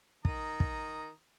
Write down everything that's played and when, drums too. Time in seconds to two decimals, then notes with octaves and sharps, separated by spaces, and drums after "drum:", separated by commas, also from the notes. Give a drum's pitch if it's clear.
0.25 D#3 A#5 D#6, drum: kick
0.60 drum: kick